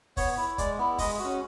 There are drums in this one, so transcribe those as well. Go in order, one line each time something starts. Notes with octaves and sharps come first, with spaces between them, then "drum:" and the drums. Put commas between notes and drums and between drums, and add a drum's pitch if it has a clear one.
B3 C#5, drum: kick, open hi-hat
E4
G#3 D5, drum: kick, hi-hat
B3 E4
G#3 D#5, drum: kick, open hi-hat
C#4 F#4